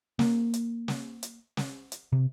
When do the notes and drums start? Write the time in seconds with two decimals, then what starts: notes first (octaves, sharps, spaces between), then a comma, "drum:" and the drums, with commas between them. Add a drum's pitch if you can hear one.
0.19 A#3, drum: snare
0.54 drum: hi-hat
0.88 drum: snare
1.23 drum: hi-hat
1.57 drum: snare
1.92 drum: hi-hat
2.12 C3